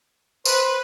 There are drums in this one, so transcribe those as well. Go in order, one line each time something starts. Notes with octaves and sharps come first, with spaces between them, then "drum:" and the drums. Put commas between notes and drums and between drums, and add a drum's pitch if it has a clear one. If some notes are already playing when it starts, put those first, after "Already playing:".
B4 C5, drum: tambourine